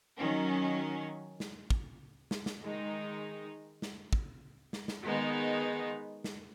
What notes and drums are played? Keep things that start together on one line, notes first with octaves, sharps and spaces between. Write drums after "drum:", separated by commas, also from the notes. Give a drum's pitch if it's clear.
D#3 F#3 C#4
drum: snare
drum: kick
drum: snare
drum: snare
D#3 G#3 D#4
drum: snare
drum: kick
drum: snare
drum: snare
D#3 G#3 B3 D#4
drum: snare